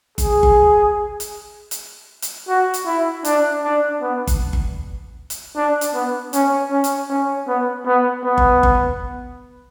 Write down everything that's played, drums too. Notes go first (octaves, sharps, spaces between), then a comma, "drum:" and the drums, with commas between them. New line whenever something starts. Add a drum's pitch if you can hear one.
G#4, drum: kick G1, hi-hat
drum: kick G1
drum: hi-hat
drum: hi-hat
drum: hi-hat
F#4
drum: hi-hat
E4
D4, drum: hi-hat
D4
B3
drum: kick G1, hi-hat
drum: kick G1
drum: hi-hat
D4
drum: hi-hat
B3
C#4, drum: hi-hat
C#4
drum: hi-hat
C#4
B3
B3
B3
drum: kick G1
drum: kick G1